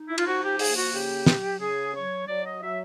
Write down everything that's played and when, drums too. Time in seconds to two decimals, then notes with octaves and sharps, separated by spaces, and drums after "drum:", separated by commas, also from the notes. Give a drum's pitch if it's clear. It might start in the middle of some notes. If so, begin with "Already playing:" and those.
Already playing: D#4
0.09 E4
0.18 F4, drum: cymbal
0.26 F3 F#4
0.42 G4
0.59 A#3 G#4, drum: open hi-hat
0.76 F#4
0.93 C#3 G4
1.26 F#3, drum: snare
1.60 C#3 G#4
1.94 F#3 C#5
2.27 F#3 D5
2.44 D#5
2.62 F#3 E5